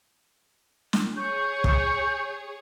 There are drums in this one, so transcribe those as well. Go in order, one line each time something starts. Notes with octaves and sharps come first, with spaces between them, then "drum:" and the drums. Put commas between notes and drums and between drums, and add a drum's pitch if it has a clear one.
drum: snare
G#4 C#5 C#6 G6
drum: kick